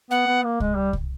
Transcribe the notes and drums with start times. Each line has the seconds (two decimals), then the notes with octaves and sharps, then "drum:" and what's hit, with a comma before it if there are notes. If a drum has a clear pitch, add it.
0.10 B3 F#5
0.27 B3
0.43 A#3
0.60 G#3, drum: kick C2
0.76 G3
0.93 drum: kick C2